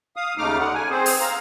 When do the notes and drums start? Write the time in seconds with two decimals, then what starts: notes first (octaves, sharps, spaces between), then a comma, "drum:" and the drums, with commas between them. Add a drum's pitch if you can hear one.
0.16 F5 D#6
0.38 D#2 C#3 A3 D#4 D6 F6
0.58 D3 F#5
0.75 G#5
0.90 C4 G#4 C5
1.06 drum: open hi-hat
1.21 F5 A#5